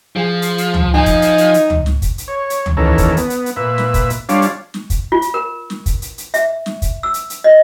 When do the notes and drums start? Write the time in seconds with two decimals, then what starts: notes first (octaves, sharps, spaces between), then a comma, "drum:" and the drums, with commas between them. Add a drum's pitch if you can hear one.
0.16 F3 G#4
0.42 drum: hi-hat
0.58 drum: hi-hat
0.74 drum: tom C#2
0.94 F3 D#4 G#5
1.06 drum: kick, hi-hat
1.22 drum: hi-hat
1.38 drum: hi-hat
1.54 drum: hi-hat
1.70 drum: tom C#2
1.86 drum: snare
2.02 drum: kick, hi-hat
2.18 drum: hi-hat
2.28 C#5
2.50 drum: hi-hat
2.66 drum: tom C#2
2.77 D#2 E3 C#4 A4 A#4
2.98 drum: kick, hi-hat
3.17 B3, drum: hi-hat
3.30 drum: hi-hat
3.46 drum: hi-hat
3.56 A#2 B4 E5
3.78 drum: snare
3.94 drum: kick, hi-hat
4.10 drum: hi-hat
4.29 G3 D4 F4 C#5 D5 F5, drum: hi-hat
4.42 drum: hi-hat
4.74 drum: snare
4.90 drum: kick, hi-hat
5.12 F4
5.22 drum: hi-hat
5.34 A#4
5.70 drum: snare
5.86 drum: kick, hi-hat
6.02 drum: hi-hat
6.18 drum: hi-hat
6.34 E5, drum: hi-hat
6.66 drum: snare
6.82 drum: kick, hi-hat
7.03 E6
7.14 drum: hi-hat
7.30 drum: hi-hat
7.44 D#5